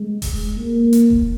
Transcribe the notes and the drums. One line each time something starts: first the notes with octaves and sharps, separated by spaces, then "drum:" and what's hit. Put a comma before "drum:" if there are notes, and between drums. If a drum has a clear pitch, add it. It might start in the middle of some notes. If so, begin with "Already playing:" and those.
Already playing: G#3
drum: kick E1, open hi-hat
A#3
drum: hi-hat
drum: kick E1